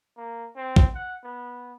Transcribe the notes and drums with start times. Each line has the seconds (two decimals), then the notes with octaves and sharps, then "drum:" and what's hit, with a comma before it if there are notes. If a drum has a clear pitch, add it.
0.17 A#3
0.56 C4
0.76 drum: kick
0.94 F#5
1.24 B3